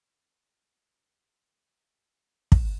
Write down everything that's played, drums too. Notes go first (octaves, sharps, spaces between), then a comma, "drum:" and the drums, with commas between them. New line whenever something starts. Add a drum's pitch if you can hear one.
C4 F#4 G#4 C5
drum: kick